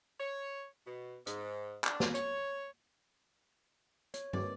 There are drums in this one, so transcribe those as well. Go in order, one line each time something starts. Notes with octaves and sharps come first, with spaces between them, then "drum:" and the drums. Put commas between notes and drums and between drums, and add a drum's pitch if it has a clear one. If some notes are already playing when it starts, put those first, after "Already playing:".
C#5
B2
G#2, drum: hi-hat
D4, drum: clap
drum: snare
C#5, drum: hi-hat
C#5, drum: hi-hat
A#4 B4 D5 D#5 D6, drum: tom G2